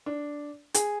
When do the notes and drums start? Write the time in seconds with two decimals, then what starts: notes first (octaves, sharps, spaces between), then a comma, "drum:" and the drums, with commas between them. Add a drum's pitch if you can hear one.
0.06 D4
0.74 G#4, drum: hi-hat